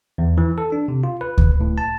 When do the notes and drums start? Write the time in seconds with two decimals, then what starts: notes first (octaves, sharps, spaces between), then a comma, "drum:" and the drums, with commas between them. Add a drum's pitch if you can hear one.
0.18 E2
0.38 E3
0.58 A4
0.72 D4
0.88 C3
1.04 F4
1.21 B4
1.38 drum: kick D2
1.61 A2
1.78 A5